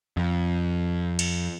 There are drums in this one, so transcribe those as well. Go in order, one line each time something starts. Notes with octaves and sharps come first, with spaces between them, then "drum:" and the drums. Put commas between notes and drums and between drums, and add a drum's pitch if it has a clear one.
F2
drum: cymbal